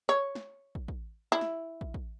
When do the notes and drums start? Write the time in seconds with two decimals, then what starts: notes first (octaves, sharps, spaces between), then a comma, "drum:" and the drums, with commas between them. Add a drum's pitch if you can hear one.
0.09 C#5
0.35 drum: snare
0.75 drum: kick
0.88 drum: kick
1.32 E4
1.41 drum: snare
1.81 drum: kick
1.94 drum: kick